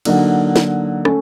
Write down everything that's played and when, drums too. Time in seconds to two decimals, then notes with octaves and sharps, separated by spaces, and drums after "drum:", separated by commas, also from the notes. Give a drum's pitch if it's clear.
0.05 D3 F#3 A#3 D#4, drum: cymbal
0.56 drum: snare
1.05 A3 C#4, drum: rim click